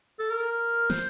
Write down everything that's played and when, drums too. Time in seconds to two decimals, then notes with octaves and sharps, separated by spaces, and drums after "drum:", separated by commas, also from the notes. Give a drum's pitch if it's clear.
0.19 A4
0.31 A#4
0.90 C5, drum: snare